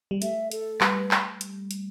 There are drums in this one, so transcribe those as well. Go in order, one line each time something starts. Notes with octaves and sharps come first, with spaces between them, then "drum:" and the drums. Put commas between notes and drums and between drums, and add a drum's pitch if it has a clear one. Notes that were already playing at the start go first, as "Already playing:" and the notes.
G3
A3 E5, drum: hi-hat
A4, drum: hi-hat
G3 B4, drum: clap
drum: clap
drum: hi-hat
drum: hi-hat